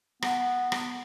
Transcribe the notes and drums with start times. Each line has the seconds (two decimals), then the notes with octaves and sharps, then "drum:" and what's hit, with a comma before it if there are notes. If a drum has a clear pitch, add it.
0.22 B3, drum: rim click
0.72 drum: rim click